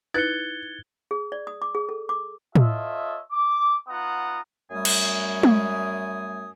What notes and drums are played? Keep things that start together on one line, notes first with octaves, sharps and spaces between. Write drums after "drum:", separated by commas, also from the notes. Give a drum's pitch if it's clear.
D#4 E4 B4 F#6 G#6 A6 C#7 G7
G#4
D5
D#6
D6
G#4
A4
D6
F4 A4 C#5 D#5 E5, drum: tom
D6
B3 D#4 F4 F#5 A#5 D#6
F#2 G3 A3 G#5 D#6
drum: cymbal
drum: tom G#3